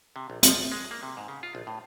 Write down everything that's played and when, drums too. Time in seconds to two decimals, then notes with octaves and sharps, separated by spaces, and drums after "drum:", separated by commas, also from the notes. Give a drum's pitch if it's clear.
0.16 C3
0.30 A#1
0.43 F3, drum: hi-hat
0.57 A#1
0.72 G#3
0.91 A#3
1.03 C3
1.17 G#2
1.28 C#3
1.43 F4
1.55 A#1
1.67 A2